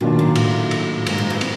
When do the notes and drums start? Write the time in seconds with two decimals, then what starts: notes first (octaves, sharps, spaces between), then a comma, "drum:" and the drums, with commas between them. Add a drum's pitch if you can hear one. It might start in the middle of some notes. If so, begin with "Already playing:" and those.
0.01 B2 D#3 F#3 A#3 D4 F4
0.19 A#2
0.36 A2, drum: cymbal
0.71 drum: cymbal
1.07 G#2, drum: cymbal
1.18 G#2
1.30 G2
1.41 C4, drum: cymbal